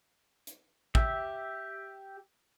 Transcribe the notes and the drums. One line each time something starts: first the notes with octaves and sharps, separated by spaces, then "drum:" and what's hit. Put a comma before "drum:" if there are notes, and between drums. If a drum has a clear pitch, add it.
drum: hi-hat
G4 E5, drum: kick